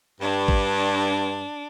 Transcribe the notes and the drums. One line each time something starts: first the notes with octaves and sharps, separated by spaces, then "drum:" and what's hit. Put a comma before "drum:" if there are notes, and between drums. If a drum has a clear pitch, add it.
G2 D4
drum: kick G#1